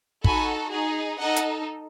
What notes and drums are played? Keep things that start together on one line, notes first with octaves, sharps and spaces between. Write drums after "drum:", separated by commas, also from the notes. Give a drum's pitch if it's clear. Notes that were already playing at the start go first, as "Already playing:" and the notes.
D#4 F#4 A4 G#5 B5, drum: kick
D#4 G#4
D#4 A4 D#5 F#5
drum: hi-hat